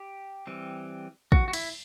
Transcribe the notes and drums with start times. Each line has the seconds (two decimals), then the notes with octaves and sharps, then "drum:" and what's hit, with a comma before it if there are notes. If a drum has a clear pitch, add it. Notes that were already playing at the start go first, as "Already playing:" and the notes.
Already playing: G4
0.47 E3 G3 C4
1.32 F#4, drum: kick
1.48 F#4
1.53 E4, drum: cymbal